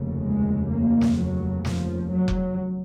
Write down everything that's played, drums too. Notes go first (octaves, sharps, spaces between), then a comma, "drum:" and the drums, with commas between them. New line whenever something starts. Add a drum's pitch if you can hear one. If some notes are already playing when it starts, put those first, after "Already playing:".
Already playing: F1 D#2 C#3
G#3
A#3
drum: snare
F#3
F3, drum: snare
F#3
drum: kick F1